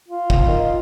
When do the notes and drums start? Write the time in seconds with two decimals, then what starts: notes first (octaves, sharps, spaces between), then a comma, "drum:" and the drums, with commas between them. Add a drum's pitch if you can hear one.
0.08 F4
0.30 drum: kick
0.48 D#3